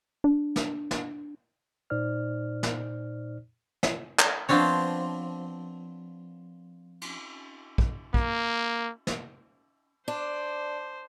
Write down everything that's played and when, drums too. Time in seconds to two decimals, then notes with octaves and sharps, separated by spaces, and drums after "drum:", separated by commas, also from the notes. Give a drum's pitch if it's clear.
0.24 D4
0.56 drum: snare
0.91 drum: snare
1.90 A#2 D#4 C5 D5 F6
2.63 drum: snare
3.83 drum: snare
4.19 drum: clap
4.49 F3 B3 C4 D4 C#5, drum: open hi-hat
7.01 drum: cymbal
7.78 drum: kick A#1
8.14 A#3, drum: kick A#1
9.07 drum: snare
10.08 D4 C5